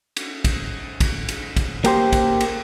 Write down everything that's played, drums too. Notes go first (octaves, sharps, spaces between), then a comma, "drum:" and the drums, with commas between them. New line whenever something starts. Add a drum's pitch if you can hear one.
drum: cymbal
drum: kick, cymbal
drum: kick, cymbal
drum: cymbal
drum: kick, cymbal
A#3 G4 C5, drum: cymbal
drum: kick, cymbal
drum: cymbal